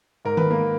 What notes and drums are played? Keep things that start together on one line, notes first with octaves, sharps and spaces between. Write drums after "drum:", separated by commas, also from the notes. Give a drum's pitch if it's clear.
G#2 A#4
B4, drum: tom D#3
A#3 A#4